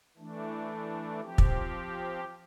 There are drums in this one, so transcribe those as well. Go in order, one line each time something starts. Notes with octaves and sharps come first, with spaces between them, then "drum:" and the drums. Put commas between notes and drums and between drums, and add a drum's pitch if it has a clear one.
E3 A3 D4
F3 C4 G4
drum: kick